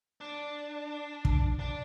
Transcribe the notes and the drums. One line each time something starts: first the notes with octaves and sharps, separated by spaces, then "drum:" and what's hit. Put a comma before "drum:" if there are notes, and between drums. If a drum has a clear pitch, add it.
D4
drum: kick
D4